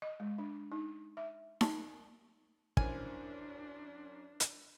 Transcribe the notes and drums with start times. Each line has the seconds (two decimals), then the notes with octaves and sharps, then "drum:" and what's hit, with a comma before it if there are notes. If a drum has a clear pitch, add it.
0.02 D#5
0.20 G#3
0.38 D4
0.72 D#4
1.17 E5
1.61 A5, drum: snare D#4
2.77 F#2 C#4 D4 E4 A#4 C5 G#5 F6, drum: kick
4.40 drum: hi-hat